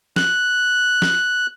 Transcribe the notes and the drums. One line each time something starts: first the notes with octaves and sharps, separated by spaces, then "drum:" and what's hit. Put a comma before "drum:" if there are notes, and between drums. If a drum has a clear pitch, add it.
F#6, drum: snare
drum: snare